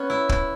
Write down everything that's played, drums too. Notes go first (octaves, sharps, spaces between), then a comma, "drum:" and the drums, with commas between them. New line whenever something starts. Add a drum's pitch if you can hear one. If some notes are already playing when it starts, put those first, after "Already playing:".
Already playing: B3 C#4
E4
E4, drum: kick